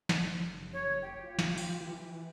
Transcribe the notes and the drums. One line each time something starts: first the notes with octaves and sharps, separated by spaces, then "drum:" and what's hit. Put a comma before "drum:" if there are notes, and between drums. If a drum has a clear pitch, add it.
drum: snare
F#1
C#5
G4
F4
drum: snare
drum: open hi-hat
E3